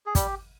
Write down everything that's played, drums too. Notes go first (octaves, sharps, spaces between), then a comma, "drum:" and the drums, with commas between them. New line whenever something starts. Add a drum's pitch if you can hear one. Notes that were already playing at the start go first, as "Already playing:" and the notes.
G#4
G3 G4, drum: kick, hi-hat